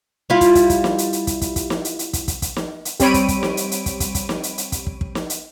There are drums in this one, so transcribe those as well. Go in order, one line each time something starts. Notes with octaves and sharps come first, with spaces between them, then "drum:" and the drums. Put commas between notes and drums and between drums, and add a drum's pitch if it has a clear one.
G3 E4 F4
drum: kick, hi-hat
drum: kick, hi-hat
drum: kick, hi-hat
drum: snare
drum: hi-hat
drum: hi-hat
drum: kick, hi-hat
drum: kick, hi-hat
drum: kick, hi-hat
drum: snare
drum: hi-hat
drum: hi-hat
drum: kick, hi-hat
drum: kick, hi-hat
drum: kick, hi-hat
drum: snare
drum: hi-hat
G3 C4 C#5 B5 D7 D#7, drum: kick, hi-hat
drum: kick, hi-hat
drum: kick, hi-hat
drum: snare
drum: hi-hat
drum: hi-hat
drum: kick, hi-hat
drum: kick, hi-hat
drum: kick, hi-hat
drum: snare
drum: hi-hat
drum: hi-hat
drum: kick, hi-hat
drum: kick
drum: kick
drum: snare
drum: hi-hat